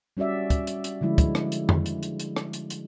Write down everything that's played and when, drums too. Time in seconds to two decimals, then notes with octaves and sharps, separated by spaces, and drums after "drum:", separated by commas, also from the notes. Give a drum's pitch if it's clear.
0.17 G3 C#4 F#4 D5 E5
0.50 drum: kick, hi-hat
0.67 drum: hi-hat
0.84 drum: hi-hat
1.01 D3 F3 G#3 E4
1.18 drum: kick, hi-hat
1.35 drum: rim click
1.52 drum: hi-hat
1.69 drum: tom F2
1.86 drum: hi-hat
2.03 drum: hi-hat
2.20 drum: hi-hat
2.36 drum: rim click
2.53 drum: hi-hat
2.70 drum: hi-hat